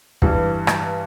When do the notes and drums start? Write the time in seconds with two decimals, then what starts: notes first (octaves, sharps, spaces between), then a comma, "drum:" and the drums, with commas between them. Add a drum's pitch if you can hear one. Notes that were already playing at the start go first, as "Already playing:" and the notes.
0.22 G2 E3 G3, drum: kick
0.67 drum: rim click